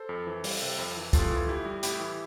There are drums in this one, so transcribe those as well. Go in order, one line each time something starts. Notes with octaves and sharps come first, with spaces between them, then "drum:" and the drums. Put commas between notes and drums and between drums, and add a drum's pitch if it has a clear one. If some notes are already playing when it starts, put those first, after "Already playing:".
Already playing: A4 C5
F2
E3
G3, drum: open hi-hat
C3
F2
E3
A2 F4 A4, drum: kick, hi-hat
E3
A2 E4 G4
G3
A2 E4 G4, drum: hi-hat
E3